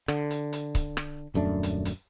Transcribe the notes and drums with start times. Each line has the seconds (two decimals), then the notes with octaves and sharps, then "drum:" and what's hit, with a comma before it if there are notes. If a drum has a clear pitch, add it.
0.08 D3, drum: rim click
0.30 drum: hi-hat
0.53 drum: hi-hat
0.75 drum: kick C#1, hi-hat
0.97 drum: rim click
1.34 D#1 F#2 A3 D4
1.63 drum: hi-hat
1.85 drum: hi-hat